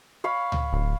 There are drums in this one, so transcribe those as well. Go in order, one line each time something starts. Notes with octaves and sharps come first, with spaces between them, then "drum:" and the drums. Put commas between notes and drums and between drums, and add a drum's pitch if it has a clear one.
C#5 F5 B5
drum: tom C#2
D1